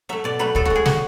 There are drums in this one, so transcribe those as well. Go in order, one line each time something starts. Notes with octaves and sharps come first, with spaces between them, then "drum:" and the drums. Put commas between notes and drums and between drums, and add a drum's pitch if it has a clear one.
F#3 A3 E5
B2 D5
F#3 A3 B4
A2 A4, drum: kick
G#3 F#4
G#4
A2 F#4, drum: snare